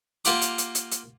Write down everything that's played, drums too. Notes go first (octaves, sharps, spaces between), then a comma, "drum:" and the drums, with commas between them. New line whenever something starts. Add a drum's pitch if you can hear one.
A#3 F4 G4 F#5 D6, drum: hi-hat
drum: hi-hat
drum: hi-hat
drum: hi-hat
drum: hi-hat